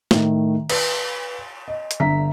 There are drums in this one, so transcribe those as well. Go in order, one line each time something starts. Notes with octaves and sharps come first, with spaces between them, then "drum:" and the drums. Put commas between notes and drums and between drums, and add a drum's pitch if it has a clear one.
A2 D#3 A3, drum: snare
B4, drum: cymbal
D#5
drum: hi-hat
G1 D3 E5 A#5 B6